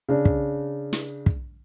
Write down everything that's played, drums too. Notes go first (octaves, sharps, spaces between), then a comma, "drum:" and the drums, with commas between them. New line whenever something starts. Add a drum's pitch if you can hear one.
C#3 D4
drum: kick
drum: snare
drum: kick